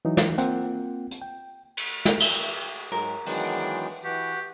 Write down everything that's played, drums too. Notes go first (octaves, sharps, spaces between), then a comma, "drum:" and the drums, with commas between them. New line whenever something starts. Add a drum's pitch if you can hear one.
E3 F#3 D#4
drum: snare
A#3 C4 F4 F#5 G5, drum: hi-hat
drum: hi-hat
G5
drum: cymbal
drum: snare
drum: cymbal
G#2 F#3 G#3 A#4
D#3 E3 F#3 G#3 B3 D4 G5, drum: open hi-hat
E3 F#4 G4 F#5